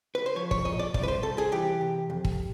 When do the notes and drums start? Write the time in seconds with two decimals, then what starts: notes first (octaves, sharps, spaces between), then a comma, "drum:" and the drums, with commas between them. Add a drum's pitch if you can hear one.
0.15 B4
0.26 C5
0.36 F3 C#5
0.51 C#5, drum: kick
0.65 A#2 D#5
0.79 D5
0.94 C2 D5, drum: kick
1.03 B4
1.08 C5
1.23 C2 A4
1.38 G#4
1.52 E3 G4
1.81 C3
2.10 F2
2.25 drum: kick